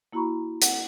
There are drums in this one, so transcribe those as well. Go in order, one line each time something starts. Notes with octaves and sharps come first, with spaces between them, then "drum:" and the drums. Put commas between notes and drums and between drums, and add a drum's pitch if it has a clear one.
A#3 E4 F#4 A#5 B5 C#6
F#5, drum: hi-hat